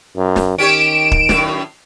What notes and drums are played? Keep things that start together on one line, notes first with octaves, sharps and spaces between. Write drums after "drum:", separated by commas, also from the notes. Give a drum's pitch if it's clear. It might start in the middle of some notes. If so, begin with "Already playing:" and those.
F#2
drum: snare
D#3 C#4 G4 C#5 D7 E7
drum: kick
F#2 A2, drum: snare